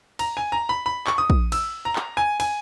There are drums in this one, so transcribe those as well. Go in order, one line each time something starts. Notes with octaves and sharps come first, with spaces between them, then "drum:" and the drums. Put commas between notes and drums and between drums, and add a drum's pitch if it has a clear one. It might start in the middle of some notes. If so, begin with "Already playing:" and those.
A#5, drum: cymbal
G#5
A#5
B5
B5
C#6, drum: clap
D#6
drum: kick A#1
E6, drum: cymbal
A#5
drum: clap
G#5
G#5, drum: cymbal